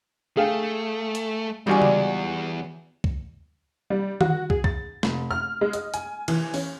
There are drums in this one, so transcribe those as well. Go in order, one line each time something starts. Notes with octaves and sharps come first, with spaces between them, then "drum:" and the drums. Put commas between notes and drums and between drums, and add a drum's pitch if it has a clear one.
A3 G#4 F5 G5
drum: hi-hat
E2 G3 G#3 F4 F#4 D5 G#5
drum: tom C#3
drum: kick
G3
F#4, drum: tom D#3
G#4, drum: kick
A6, drum: kick
F1, drum: snare
F6
G#3
D#5, drum: hi-hat
G#5, drum: hi-hat
E3, drum: cymbal
C#4, drum: open hi-hat